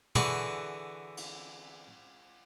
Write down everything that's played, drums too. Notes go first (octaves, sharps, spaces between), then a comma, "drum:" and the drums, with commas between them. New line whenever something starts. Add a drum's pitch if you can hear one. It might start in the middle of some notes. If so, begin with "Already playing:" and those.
D3 E3 F#4 G#4 C#6, drum: tom
drum: cymbal